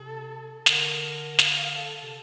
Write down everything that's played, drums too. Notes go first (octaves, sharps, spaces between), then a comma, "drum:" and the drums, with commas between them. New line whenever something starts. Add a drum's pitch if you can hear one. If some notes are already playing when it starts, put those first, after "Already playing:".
Already playing: C3 A4
D3 A#4, drum: snare
F5, drum: snare
A4
C3